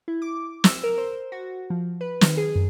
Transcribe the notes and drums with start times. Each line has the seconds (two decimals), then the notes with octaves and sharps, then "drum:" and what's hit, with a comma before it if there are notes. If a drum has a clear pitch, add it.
0.08 E4
0.22 D6
0.64 E6, drum: snare
0.84 A#4
0.98 C5
1.32 F#4
1.70 F3
2.01 B4
2.21 D#3, drum: snare
2.37 G#4
2.55 F#2